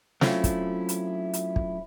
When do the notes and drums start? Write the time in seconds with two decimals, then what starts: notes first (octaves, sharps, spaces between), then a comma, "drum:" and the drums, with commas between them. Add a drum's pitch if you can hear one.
0.21 F#3 A3 C4 C#4 E4 F4, drum: snare
0.44 drum: kick, hi-hat
0.89 drum: hi-hat
1.33 drum: hi-hat
1.56 drum: kick